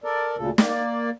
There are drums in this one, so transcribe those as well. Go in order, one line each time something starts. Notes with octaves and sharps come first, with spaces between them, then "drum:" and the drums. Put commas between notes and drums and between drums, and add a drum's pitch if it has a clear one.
A4 A#4 D5
D2 A#2 C#3 A4
A#3 D5, drum: snare